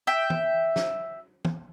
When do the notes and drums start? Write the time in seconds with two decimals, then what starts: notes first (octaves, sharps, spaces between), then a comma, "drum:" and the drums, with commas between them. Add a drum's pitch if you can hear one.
0.07 E5 G5
0.30 drum: tom
0.76 drum: snare
1.45 drum: tom